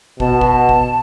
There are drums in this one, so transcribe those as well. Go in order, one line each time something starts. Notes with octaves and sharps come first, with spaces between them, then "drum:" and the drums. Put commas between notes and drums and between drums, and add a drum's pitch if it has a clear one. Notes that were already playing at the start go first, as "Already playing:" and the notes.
B2 A5, drum: kick
drum: kick
drum: kick